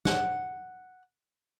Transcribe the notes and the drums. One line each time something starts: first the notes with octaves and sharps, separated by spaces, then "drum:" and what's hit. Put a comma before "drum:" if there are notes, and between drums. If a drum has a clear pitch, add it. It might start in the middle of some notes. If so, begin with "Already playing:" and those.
F#5, drum: snare